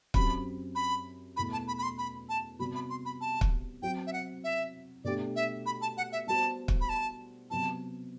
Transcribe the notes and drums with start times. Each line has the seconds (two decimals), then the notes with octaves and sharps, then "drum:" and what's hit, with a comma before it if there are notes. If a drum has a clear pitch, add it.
0.14 F#2 F#3 C4 G4 B5, drum: kick
0.75 B5
1.36 E2 B2 A3 B5
1.53 A5
1.67 B5
1.78 B5
1.83 C6
1.98 B5
2.29 A5
2.59 C3 G3 B3 F#4 B5
2.75 B5
2.90 C6
3.05 B5
3.21 A5
3.41 drum: kick
3.82 F#3 C4 F#4 G5
4.07 E5
4.13 F#5
4.44 E5
5.04 B2 A3 D4 G4 D5
5.36 E5
5.66 B5
5.82 A5
5.97 F#5
6.12 E5
6.27 G3 B3 F#4 C5 A5
6.68 drum: kick
6.81 B5
6.89 A5
7.50 C3 F#3 B3 A5